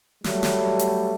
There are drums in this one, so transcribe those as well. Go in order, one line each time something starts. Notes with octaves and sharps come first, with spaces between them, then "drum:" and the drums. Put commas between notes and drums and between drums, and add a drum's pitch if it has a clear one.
F#3 G3 A3, drum: snare
drum: snare
drum: hi-hat